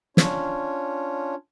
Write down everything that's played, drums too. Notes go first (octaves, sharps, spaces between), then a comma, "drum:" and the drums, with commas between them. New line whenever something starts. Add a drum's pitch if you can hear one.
C#4 D4 F4 C#5, drum: snare